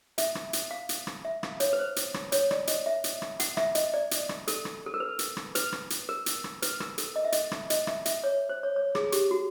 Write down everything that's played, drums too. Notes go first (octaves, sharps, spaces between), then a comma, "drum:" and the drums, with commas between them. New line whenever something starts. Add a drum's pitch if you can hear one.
E5, drum: hi-hat
drum: rim click
drum: hi-hat
F5
drum: hi-hat
drum: rim click
E5
F5, drum: rim click
C#5, drum: hi-hat
B4
C5
drum: hi-hat
drum: rim click
C#5, drum: hi-hat
D5, drum: rim click
D#5, drum: hi-hat
E5
drum: hi-hat
drum: rim click
F#5, drum: hi-hat
E5, drum: rim click
D#5, drum: hi-hat
D5
drum: hi-hat
drum: rim click
A4, drum: hi-hat
drum: rim click
A4
A#4
B4
drum: hi-hat
drum: rim click
B4, drum: hi-hat
drum: rim click
drum: hi-hat
A#4
drum: hi-hat
drum: rim click
B4, drum: hi-hat
A#4, drum: rim click
A4, drum: hi-hat
D#5
E5
D#5, drum: hi-hat
drum: rim click
D#5, drum: hi-hat
E5, drum: rim click
E5, drum: hi-hat
C#5
C5
C#5
C#5
G#4, drum: rim click
G4, drum: hi-hat
F#4